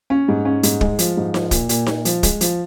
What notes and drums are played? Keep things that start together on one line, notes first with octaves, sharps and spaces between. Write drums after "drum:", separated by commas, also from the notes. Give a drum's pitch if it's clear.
C#4
G#2
C#4
G#2, drum: hi-hat
G#3, drum: kick
F3, drum: hi-hat
G#2
F3, drum: snare D#4
A#2, drum: kick, hi-hat
A#2, drum: hi-hat
A#2, drum: snare D#4
F3, drum: hi-hat
G#3, drum: kick, hi-hat
F3, drum: hi-hat